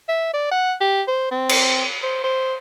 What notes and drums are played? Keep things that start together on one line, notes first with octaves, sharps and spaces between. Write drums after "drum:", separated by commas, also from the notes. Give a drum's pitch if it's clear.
E5
D5
F#5
G4
C5
C4
drum: cymbal
C5
C5